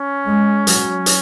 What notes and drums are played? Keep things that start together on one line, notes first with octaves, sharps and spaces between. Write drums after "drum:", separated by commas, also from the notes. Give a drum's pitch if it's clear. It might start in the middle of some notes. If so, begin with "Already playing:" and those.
Already playing: C#4
G#3
F#3, drum: hi-hat
drum: hi-hat